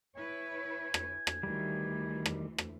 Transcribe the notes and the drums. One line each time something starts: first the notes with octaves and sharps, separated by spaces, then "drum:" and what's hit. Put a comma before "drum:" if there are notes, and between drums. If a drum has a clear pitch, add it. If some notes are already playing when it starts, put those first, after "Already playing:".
E4 B4 C#5 G#5
drum: rim click
drum: rim click
D2 D#3 E3 G3
drum: rim click
drum: rim click